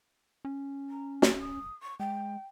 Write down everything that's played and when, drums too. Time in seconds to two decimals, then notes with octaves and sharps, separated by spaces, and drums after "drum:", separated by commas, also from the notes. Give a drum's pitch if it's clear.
0.45 C#4
0.90 A#5
1.22 F#4, drum: snare
1.40 D#6
1.82 C#6
2.00 G#3 G5